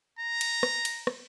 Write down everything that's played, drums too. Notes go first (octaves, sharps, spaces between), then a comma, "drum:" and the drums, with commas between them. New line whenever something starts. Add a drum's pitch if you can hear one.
A#5
drum: cymbal
drum: rim click
drum: cymbal
drum: rim click